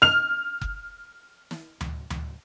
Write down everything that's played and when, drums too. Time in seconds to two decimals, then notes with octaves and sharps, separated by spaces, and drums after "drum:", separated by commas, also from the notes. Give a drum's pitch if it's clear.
0.02 F6 F7, drum: snare
0.61 drum: kick F#1
1.51 drum: snare
1.81 drum: tom D2
2.10 drum: tom D2